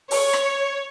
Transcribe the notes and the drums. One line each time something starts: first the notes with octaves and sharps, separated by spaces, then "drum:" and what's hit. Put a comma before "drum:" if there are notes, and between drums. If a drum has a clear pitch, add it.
C#5, drum: open hi-hat
drum: rim click